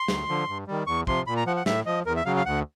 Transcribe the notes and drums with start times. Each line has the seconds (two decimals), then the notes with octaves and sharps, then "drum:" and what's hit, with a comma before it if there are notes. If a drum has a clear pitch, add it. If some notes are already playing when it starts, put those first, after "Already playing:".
Already playing: C6
0.08 D2, drum: snare
0.29 D3 F3
0.48 G2
0.67 D#3 G3
0.87 E2 C#6
1.07 C3 F3 C6, drum: kick
1.27 A#2 B5
1.37 A#5
1.46 F3 F#5
1.56 F#5
1.66 A2 E5, drum: snare
1.86 F3 D#5
2.06 E2 A#4
2.16 E5
2.26 C#3 F#3 F5
2.36 F5
2.46 D2 F#5